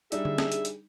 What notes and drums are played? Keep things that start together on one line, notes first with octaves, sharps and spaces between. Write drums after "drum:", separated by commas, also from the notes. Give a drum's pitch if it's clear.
G3 D4 D#4 G#4 E5, drum: hi-hat
drum: tom D3
drum: snare
drum: hi-hat
drum: hi-hat